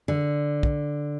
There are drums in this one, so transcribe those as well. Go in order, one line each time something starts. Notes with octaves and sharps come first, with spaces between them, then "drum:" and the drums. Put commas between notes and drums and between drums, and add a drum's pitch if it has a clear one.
D3
drum: kick